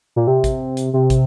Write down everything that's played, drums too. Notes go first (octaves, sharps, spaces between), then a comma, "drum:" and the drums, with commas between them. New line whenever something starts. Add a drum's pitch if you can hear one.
A#2
C3
drum: kick, hi-hat
drum: hi-hat
C3
drum: kick, hi-hat